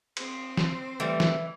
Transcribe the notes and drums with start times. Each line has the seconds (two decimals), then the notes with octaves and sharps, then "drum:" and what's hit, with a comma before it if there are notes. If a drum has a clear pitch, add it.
0.17 C4 C5, drum: cymbal
0.57 drum: snare
1.00 E3 G3 A3
1.20 drum: snare